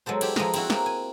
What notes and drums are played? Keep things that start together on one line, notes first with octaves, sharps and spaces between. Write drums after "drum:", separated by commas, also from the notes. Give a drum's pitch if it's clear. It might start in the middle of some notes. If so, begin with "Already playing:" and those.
F#3 G#3 B3 A4 C5
E4 G4, drum: cymbal
F3 G#3 B3 D#5 E5 A#5, drum: snare
C4 E4 F#4, drum: cymbal
A#3 C4, drum: snare
G#5